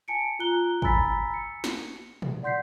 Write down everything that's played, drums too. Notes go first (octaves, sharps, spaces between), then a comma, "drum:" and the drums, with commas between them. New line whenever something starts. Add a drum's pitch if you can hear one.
G#5 A5 C#7 D7
F4 A#5 F#6 G7
G#5 A#5 B5 E6 A6 B6, drum: kick
C#7
drum: snare
drum: tom A#2
D5 F#5 C6 G6 B6 C7